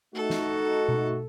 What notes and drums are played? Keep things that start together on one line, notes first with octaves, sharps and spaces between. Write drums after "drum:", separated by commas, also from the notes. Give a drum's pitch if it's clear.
A3 D#4 F#4 A4
drum: snare
drum: tom B2